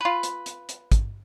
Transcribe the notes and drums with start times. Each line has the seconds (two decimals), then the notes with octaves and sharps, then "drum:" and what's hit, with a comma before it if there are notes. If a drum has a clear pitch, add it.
0.01 F4 B4
0.23 drum: hi-hat
0.46 drum: hi-hat
0.69 drum: hi-hat
0.92 drum: kick, hi-hat